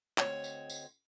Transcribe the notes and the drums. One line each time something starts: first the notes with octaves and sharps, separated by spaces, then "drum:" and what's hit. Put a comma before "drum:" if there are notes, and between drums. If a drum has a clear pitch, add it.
D2 C4 C#5 D#5, drum: clap
drum: tambourine
drum: tambourine